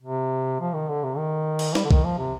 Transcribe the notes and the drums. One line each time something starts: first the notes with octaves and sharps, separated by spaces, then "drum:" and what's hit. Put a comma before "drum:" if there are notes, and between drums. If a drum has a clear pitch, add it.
C3
F3
D#3
D3
C3
D#3
drum: cymbal
G3, drum: snare
D3
D#3, drum: kick B1
F3
C3